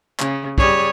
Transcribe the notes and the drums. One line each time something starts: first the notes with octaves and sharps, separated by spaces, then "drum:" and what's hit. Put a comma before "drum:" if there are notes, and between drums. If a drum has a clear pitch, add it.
C#3, drum: clap
G3 G#4 C#5, drum: kick